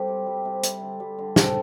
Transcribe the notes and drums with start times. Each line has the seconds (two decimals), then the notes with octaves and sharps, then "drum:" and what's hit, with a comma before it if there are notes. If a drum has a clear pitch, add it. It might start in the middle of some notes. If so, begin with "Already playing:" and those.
Already playing: G3 C4 G4 A4
0.08 C3
0.26 G3
0.45 C3
0.63 C4, drum: hi-hat
0.81 D3
1.00 G3
1.18 D3
1.36 C4 A4, drum: snare